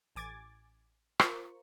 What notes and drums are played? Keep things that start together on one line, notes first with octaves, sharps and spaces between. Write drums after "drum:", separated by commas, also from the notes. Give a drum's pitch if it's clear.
A1 G#5 D6 G#6 A6
F4 A#4 C5 C#6, drum: rim click